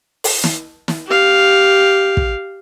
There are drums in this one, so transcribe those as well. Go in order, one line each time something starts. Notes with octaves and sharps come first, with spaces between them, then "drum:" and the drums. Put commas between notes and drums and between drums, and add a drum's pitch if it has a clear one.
drum: open hi-hat
drum: snare
drum: snare
G4 F5
drum: kick